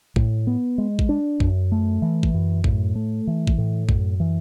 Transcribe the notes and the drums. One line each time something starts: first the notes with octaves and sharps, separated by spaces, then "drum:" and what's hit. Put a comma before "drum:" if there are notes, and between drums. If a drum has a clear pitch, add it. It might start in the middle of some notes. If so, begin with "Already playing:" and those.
A2, drum: kick
B3
G#3
drum: kick
D4
F#2, drum: kick
A3
E3
drum: kick
F#2
A2, drum: kick
A3
E3
drum: kick
A2
F#2, drum: kick
E3